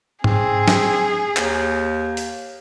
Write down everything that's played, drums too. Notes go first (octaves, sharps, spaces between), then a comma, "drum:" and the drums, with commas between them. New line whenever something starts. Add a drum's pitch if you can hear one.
C4 G#4, drum: tom G#2
drum: snare
D#2, drum: clap
drum: open hi-hat